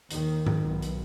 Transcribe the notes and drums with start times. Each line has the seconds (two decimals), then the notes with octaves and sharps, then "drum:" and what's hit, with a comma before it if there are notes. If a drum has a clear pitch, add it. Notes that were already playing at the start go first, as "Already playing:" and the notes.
0.11 D#2 D#3, drum: hi-hat
0.47 drum: tom G#2
0.61 B1
0.82 drum: hi-hat